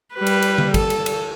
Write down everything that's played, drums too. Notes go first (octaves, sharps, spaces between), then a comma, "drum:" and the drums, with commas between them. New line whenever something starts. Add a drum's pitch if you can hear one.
G3 B4
drum: cymbal
drum: cymbal
drum: tom D3
A4, drum: kick, cymbal
drum: cymbal
drum: cymbal